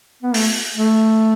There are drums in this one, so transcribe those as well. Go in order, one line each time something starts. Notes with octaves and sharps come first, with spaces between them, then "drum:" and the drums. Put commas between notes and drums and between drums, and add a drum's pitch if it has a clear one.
B3
A3, drum: open hi-hat
A3